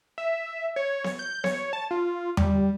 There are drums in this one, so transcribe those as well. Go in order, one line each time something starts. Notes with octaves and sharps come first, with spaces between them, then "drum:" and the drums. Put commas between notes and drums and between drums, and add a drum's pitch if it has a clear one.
E5
C#5
drum: snare B3
G6
C#5, drum: snare B3
A5
F4
G3, drum: tom E2